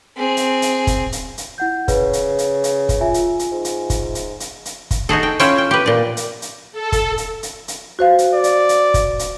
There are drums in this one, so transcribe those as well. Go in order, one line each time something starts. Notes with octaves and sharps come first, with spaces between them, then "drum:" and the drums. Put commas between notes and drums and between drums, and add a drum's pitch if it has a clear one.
C4 G#4
drum: hi-hat
drum: hi-hat
drum: kick, hi-hat
drum: hi-hat
drum: hi-hat
E4 F#5 G6
C#3 B4, drum: kick, hi-hat
drum: hi-hat
drum: hi-hat
drum: hi-hat
drum: kick, hi-hat
F4 E5 G#5
drum: hi-hat
drum: hi-hat
G#2
drum: hi-hat
drum: kick, hi-hat
drum: hi-hat
drum: hi-hat
drum: hi-hat
drum: kick, hi-hat
D#4 F#4 G#4 A4
G5
C#4 E4 F4 C#5 E5 G5, drum: hi-hat
G5
G4 B4
A#2 D5
drum: hi-hat
drum: hi-hat
A4
drum: kick, hi-hat
drum: hi-hat
drum: hi-hat
drum: hi-hat
F#4 C5 F5
drum: hi-hat
D5
drum: hi-hat
drum: hi-hat
drum: kick, hi-hat
drum: hi-hat